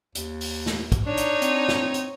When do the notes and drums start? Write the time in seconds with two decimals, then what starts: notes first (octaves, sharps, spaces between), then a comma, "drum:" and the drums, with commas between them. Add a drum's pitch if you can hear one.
0.15 D#2, drum: hi-hat
0.41 drum: open hi-hat
0.66 drum: snare
0.92 drum: kick, hi-hat
1.06 D4 D#4 C#5
1.17 drum: hi-hat
1.42 C4, drum: hi-hat
1.68 drum: snare
1.94 drum: hi-hat